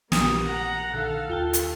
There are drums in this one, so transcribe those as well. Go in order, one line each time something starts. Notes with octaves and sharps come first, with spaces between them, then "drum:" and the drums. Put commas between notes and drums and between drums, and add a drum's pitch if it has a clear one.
A#1 G3 A#3 D#6, drum: snare
F#5 A#5
A#1 D3 D#3 A4 F5 F#6
D#2 F4 G5 A5
drum: hi-hat